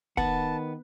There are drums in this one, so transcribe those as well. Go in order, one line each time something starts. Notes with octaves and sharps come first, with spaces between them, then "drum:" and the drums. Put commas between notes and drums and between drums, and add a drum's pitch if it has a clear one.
D#3 B3 F#5 A5, drum: kick